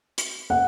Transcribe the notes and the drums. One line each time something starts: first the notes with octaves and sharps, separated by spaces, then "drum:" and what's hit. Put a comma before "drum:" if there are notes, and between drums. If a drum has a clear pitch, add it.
drum: hi-hat
F#5